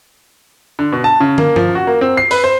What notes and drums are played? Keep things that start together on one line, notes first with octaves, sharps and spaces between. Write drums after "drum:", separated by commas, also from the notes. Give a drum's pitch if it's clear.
D3
B2
A5
C#3
A#3, drum: tom
F3, drum: tom G2
F#4
A#3
C4
C7
B4, drum: open hi-hat
C5